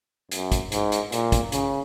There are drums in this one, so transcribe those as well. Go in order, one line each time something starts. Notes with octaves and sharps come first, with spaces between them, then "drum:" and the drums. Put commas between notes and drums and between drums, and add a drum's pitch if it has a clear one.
F#2, drum: hi-hat
drum: kick, hi-hat
G#2, drum: hi-hat
drum: hi-hat
A#2, drum: hi-hat
drum: kick, hi-hat
C#3, drum: hi-hat